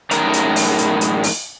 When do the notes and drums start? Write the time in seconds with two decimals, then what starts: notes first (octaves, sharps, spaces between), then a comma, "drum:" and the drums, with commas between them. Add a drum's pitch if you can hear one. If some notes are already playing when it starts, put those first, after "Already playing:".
0.11 F#2 A2 D#4 A#4 A#5, drum: hi-hat
0.33 drum: hi-hat
0.56 drum: open hi-hat
0.78 drum: hi-hat
1.01 drum: hi-hat
1.24 drum: open hi-hat